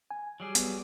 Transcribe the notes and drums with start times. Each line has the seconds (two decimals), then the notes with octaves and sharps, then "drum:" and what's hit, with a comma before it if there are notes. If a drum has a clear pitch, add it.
0.11 G#5
0.40 F#3 G3 G#4
0.55 B3, drum: hi-hat